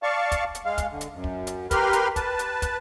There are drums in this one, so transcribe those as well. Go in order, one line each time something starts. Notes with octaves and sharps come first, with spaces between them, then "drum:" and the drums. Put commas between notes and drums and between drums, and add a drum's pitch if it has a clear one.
D5 F5 A5 C#6
drum: kick, hi-hat
drum: hi-hat
G#3 F5
drum: kick, hi-hat
D3
drum: hi-hat
F#2
drum: kick
drum: hi-hat
G4 A#4 B4 B5 C6 F6, drum: kick, hi-hat
drum: hi-hat
B4 A5, drum: kick, hi-hat
drum: hi-hat
drum: kick, hi-hat